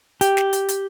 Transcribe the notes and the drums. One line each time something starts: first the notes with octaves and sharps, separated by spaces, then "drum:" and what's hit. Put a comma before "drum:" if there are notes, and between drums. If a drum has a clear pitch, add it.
G4, drum: hi-hat
drum: snare
drum: hi-hat
drum: hi-hat